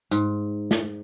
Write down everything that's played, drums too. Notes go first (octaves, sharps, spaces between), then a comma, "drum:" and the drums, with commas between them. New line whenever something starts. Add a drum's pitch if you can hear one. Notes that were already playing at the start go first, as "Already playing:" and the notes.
G#2, drum: hi-hat
drum: snare